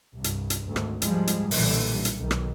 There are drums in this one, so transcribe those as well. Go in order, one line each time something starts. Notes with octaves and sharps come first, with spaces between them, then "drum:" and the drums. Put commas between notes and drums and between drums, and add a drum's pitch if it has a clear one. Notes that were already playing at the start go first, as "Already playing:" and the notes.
C2 G2
drum: hi-hat
drum: hi-hat
G#1 D2
drum: rim click
G#2 F3 G3 G#3, drum: hi-hat
drum: hi-hat
B1 A#2 D3 E3 G3, drum: open hi-hat
drum: hi-hat
B1 D#3
drum: rim click